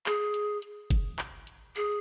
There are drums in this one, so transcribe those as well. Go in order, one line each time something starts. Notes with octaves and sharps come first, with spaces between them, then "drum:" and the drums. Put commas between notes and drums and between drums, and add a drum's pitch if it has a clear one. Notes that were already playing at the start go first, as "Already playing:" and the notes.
G#4, drum: clap
drum: hi-hat
drum: hi-hat
drum: kick F#1, hi-hat
drum: clap
drum: hi-hat
G#4, drum: hi-hat